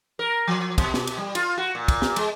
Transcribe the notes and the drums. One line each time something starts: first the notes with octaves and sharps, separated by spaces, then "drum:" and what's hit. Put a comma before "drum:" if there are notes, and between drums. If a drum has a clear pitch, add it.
A#4
F3
B2, drum: kick, cymbal
drum: snare
drum: cymbal
G3
F4, drum: cymbal
F#4
A#2
drum: kick, cymbal
drum: snare
G#3, drum: cymbal